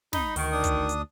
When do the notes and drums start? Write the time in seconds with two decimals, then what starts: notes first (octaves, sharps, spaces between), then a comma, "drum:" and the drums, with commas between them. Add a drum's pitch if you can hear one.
0.13 D#4 B5, drum: snare
0.36 D2 D#3 F#4, drum: open hi-hat
0.52 D4 D#6
0.64 drum: kick, hi-hat
0.89 drum: hi-hat